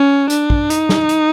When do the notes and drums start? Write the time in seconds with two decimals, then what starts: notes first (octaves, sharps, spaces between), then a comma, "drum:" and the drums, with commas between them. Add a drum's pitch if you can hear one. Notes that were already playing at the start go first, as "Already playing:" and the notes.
Already playing: C#4
0.30 D4, drum: hi-hat
0.50 drum: kick
0.70 D#4, drum: hi-hat
0.89 drum: snare
1.09 drum: hi-hat